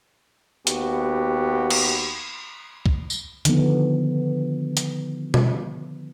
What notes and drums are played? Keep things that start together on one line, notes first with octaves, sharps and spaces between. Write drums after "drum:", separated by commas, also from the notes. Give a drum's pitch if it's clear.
D#2 B3 F#4 G4, drum: hi-hat
drum: cymbal
drum: kick
drum: tambourine
D3 D#3 F3 B3, drum: hi-hat
drum: hi-hat
drum: tom B2